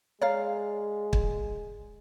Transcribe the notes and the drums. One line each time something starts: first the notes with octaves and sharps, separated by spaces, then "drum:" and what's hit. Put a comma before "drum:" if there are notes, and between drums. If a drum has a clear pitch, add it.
G#3 C#5 D5 F5 A#5 F6
drum: kick